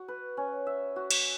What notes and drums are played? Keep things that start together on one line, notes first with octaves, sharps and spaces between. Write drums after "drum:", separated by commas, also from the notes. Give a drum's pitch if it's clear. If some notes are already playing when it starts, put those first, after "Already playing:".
Already playing: F#4
B4
C#4
E5
F#4
drum: cymbal